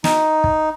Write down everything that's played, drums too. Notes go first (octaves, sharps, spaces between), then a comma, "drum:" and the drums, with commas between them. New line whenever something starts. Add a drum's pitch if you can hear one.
D#4, drum: snare
drum: kick